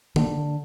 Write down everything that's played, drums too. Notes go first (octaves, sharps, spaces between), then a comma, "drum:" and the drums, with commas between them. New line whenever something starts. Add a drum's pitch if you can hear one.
D3, drum: tom D3